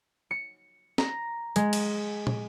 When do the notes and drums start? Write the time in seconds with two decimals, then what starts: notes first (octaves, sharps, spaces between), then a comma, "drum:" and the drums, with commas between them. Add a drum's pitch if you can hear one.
0.31 C#7
0.98 A#5, drum: snare
1.56 G#3, drum: hi-hat
1.73 drum: cymbal
2.27 drum: tom